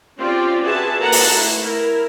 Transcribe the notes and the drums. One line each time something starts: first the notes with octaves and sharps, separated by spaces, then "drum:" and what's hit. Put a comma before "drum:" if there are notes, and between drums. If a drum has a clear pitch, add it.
C4 C#4 F4 G4 D5
F#4 G#4 B4 E5 A5
A#3 A4 B4 F#5 A5 A#5
drum: open hi-hat
A3 E4
E4 A#4